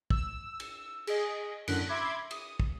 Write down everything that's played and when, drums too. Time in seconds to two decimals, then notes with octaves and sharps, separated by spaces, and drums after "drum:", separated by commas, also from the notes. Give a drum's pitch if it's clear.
0.10 E6, drum: kick
0.60 drum: cymbal
1.07 G#4 D#5, drum: cymbal
1.68 F#2 A2 D3 F#6, drum: cymbal
1.89 E5 B5 C6 D6 G#6
2.31 D#6, drum: cymbal
2.60 drum: kick